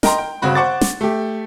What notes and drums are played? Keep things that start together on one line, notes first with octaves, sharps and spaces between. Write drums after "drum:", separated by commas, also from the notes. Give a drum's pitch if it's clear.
A#4 D#5 G5 A#5 C6, drum: snare
G5
G1 C#3 C4 F#4 B5
C5 F#5 C#6 D6 A6
drum: snare
A3 G4